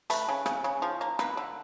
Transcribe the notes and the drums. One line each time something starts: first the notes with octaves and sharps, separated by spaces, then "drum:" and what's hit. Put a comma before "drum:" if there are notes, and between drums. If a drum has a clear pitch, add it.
A3 B4, drum: hi-hat
C#3
C#3, drum: rim click
C#3
F3
A#3
A#3 B4, drum: rim click
D3